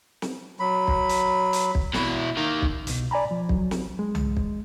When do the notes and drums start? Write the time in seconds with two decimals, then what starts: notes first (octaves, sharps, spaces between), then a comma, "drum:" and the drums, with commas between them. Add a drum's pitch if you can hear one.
0.22 drum: snare
0.60 F#3 B5
0.88 drum: kick
1.09 drum: hi-hat
1.53 drum: hi-hat
1.75 drum: kick
1.94 B2 E4, drum: snare
2.37 D#3 A#3
2.62 drum: kick
2.87 C2 B2, drum: hi-hat
3.11 D5 G#5 A#5 B5
3.31 F3
3.49 F#3, drum: kick
3.71 drum: snare
3.99 G#3
4.15 drum: tom C2
4.37 drum: kick